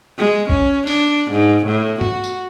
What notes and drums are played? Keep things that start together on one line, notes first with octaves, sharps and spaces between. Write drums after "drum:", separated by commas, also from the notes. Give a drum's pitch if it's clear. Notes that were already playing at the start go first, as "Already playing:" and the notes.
G#3
C#4, drum: kick
D4, drum: open hi-hat
G#2
A2
F#4, drum: tom
drum: tambourine